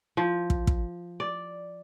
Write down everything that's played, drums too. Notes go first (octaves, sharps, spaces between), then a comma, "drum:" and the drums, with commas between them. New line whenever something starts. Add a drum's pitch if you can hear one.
F3
drum: kick
drum: kick
D5